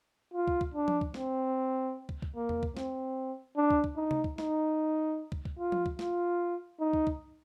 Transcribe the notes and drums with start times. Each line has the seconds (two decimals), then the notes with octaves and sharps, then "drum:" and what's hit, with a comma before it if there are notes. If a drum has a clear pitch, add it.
0.34 F4
0.47 drum: kick
0.61 drum: kick
0.74 D4
0.88 drum: tom F3
1.01 drum: kick
1.14 C4, drum: snare
2.09 drum: kick
2.22 drum: kick
2.36 A#3
2.49 drum: tom E2
2.63 drum: kick
2.76 C4, drum: snare
3.57 D4
3.70 drum: kick
3.84 drum: kick
3.97 D#4
4.11 drum: tom C3
4.24 drum: kick
4.38 D#4, drum: snare
5.32 drum: kick
5.45 drum: kick
5.59 F4
5.72 drum: tom F3
5.86 drum: kick
5.99 F4, drum: snare
6.80 D#4
6.93 drum: kick
7.07 drum: kick